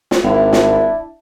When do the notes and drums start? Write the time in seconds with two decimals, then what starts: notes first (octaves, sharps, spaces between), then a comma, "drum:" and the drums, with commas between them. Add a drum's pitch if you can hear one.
0.11 drum: snare
0.23 G#1 D4 E4
0.53 drum: snare